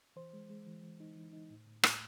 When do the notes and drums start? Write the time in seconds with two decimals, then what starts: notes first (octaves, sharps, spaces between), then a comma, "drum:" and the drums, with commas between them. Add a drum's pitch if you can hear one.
0.16 E3 C5
0.33 G#3
0.50 G#3
0.67 E3
0.83 E3
1.00 D#4
1.16 E3
1.33 D#4
1.50 A2
1.67 A2
1.83 A2, drum: rim click